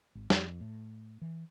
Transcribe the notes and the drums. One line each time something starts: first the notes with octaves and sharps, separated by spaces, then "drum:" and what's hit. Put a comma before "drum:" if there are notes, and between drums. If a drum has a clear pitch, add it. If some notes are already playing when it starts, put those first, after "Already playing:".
G#1
F2, drum: snare
A2
E3